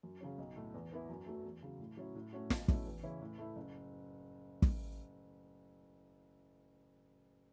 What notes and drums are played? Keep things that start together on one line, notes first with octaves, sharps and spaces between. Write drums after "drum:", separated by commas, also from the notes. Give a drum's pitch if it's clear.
F#2
C#3 F#3 C#4
B1
A2 A3
E2
E3 B3 E4
F#2
F#3 A3
E2
C#3 F#3
A2
F#3 C#4 E4
A2
A3 C#4 F#4
B1, drum: snare
B2 A3 C#4 E4, drum: kick
E2
C#3 E3 C#4 E4
A2
A3 E4
F#1
drum: kick